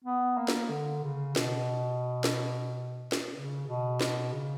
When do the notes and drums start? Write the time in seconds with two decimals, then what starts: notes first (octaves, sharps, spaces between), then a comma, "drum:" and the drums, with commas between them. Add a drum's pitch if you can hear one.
0.04 B3
0.38 A#3
0.48 drum: snare
0.70 D3
1.04 C#3
1.36 B2, drum: snare
2.24 drum: snare
3.12 drum: snare
3.34 C#3
3.67 B2
4.01 B2, drum: snare
4.33 C#3